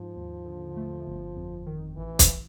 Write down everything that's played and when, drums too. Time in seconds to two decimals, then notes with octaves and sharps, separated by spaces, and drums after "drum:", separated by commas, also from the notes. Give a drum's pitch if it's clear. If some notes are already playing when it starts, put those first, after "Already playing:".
Already playing: G#2 F3
0.15 D#2
0.45 D3
0.76 A3
1.06 G1
1.36 F2
1.66 D#3
1.97 A1 E3
2.19 drum: kick, hi-hat